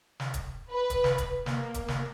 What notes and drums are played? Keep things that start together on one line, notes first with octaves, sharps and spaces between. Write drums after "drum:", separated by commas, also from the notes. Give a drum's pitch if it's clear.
drum: snare
drum: kick, hi-hat
B4
drum: kick, hi-hat
drum: snare
drum: kick, hi-hat
A#3, drum: snare
drum: kick, hi-hat
drum: snare